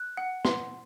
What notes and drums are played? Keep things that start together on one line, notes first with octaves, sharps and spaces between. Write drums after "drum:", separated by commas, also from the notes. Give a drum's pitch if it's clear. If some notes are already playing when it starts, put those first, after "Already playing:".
Already playing: F#6
F#5
C6, drum: snare